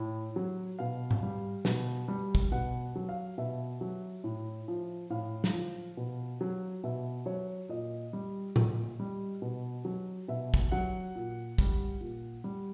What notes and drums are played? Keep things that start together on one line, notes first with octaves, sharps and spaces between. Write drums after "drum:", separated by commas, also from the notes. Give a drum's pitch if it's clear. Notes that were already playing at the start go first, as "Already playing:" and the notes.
Already playing: A2
F#3
B2 F5
drum: tom G#2
G3
B2, drum: snare
G3
drum: kick
B2 F#5
F#3
F5
B2 E5
F#3
A2
F3
A2 F5
drum: snare
F3
B2
F#3
B2 E5
F#3 C#5
A#2 D#5
G3
A#2, drum: tom A2
G3
B2
F#3
B2 E5
drum: kick
F#3 F#5
A#2
G3, drum: kick
A#2
G3